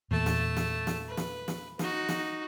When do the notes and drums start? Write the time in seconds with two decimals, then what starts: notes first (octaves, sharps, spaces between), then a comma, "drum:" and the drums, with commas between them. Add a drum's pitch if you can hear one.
0.11 E2 A#2 A3 A5
0.26 drum: snare
0.57 drum: snare
0.87 drum: snare
1.08 B4
1.17 drum: snare
1.48 drum: snare
1.79 D#4 F#4, drum: snare
2.09 drum: snare